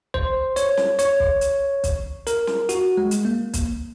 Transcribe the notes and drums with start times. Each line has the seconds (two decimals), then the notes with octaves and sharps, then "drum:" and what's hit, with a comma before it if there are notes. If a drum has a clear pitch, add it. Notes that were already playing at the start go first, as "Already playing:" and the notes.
0.14 C5, drum: kick
0.56 C#5, drum: hi-hat
0.77 drum: snare
0.99 C#5, drum: hi-hat
1.20 drum: kick
1.41 drum: hi-hat
1.84 drum: kick, hi-hat
2.27 A#4, drum: hi-hat
2.47 drum: snare
2.69 F#4, drum: hi-hat
2.97 G#3
3.11 drum: hi-hat
3.25 A#3
3.54 drum: kick, hi-hat